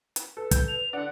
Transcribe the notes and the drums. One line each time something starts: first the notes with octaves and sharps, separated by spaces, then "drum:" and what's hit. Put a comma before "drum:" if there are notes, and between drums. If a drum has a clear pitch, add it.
drum: hi-hat
A4 B4
G6, drum: kick, hi-hat
F7
D3 D4 F#5